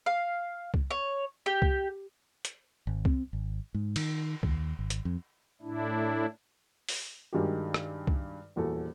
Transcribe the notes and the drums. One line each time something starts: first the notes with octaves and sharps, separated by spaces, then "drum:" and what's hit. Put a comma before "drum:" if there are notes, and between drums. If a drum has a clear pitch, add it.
F5
drum: kick C2
C#5
G4
drum: kick C2
drum: hi-hat
G#1
C4, drum: kick C2
G#1
G#2
D#3, drum: cymbal
D#2, drum: kick C2
G#1
drum: hi-hat
F2
A2 D4 E4
drum: open hi-hat
G2 D#3 G#3 F#4 G4
drum: rim click
drum: kick C2
D#1 E2 F#4 A4